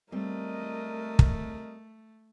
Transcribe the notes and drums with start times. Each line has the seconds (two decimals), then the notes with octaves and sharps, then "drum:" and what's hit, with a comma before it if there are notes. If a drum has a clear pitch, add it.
0.12 G3 A3 C4 A#4 D#5
1.19 drum: kick